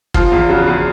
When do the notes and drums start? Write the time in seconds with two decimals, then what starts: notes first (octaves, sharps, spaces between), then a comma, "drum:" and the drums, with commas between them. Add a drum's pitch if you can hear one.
0.14 F3 F4, drum: kick
0.32 E2
0.49 C#3 F#4
0.67 E2